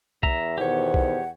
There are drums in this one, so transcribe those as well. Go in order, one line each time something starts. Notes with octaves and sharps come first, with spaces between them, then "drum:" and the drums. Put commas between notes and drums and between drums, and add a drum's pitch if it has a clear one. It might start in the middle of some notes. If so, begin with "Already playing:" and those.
E2 E5 A#5, drum: kick B1
B2 D#3 G4 C5 C#5 F#5
drum: kick B1